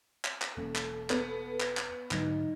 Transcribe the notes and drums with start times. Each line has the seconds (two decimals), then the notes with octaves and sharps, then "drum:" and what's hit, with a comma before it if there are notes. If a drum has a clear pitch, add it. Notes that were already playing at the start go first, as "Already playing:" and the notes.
0.25 drum: clap
0.42 drum: clap
0.57 E1 A#3 C#4 A4
0.76 drum: clap
1.10 B3, drum: clap
1.60 drum: clap
1.77 drum: clap
2.11 G#2 D3 F#3 D#4, drum: clap